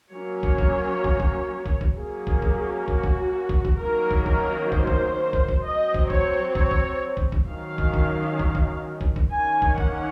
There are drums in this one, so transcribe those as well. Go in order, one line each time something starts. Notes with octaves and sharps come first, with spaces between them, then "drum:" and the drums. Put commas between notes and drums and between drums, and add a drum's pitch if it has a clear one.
F#3 A#3 C#4 C#5
drum: kick
drum: kick
drum: kick
drum: kick
drum: kick
drum: kick
F#3 A#3 C#4 G#4
drum: kick
drum: kick
F#4, drum: kick
drum: kick
drum: kick
drum: kick
D#3 F#3 A#3 C#4 A#4
drum: kick
A#4, drum: kick
C5, drum: kick
drum: kick
drum: kick
drum: kick
F#3 C4 D#5
drum: kick
C#5, drum: kick
C#5, drum: kick
drum: kick
drum: kick
drum: kick
D#3 F#3 C#4 F5
drum: kick
drum: kick
drum: kick
drum: kick
drum: kick
drum: kick
D#3 A#3 C#4 G#5
drum: kick
F#5, drum: kick